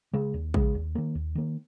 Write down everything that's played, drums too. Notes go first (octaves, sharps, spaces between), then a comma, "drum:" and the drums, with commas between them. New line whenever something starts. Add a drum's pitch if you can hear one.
C#3 G#3
D#2
C#3 G#3, drum: kick
D#2
D#3 A#3
D#2
D#3 A#3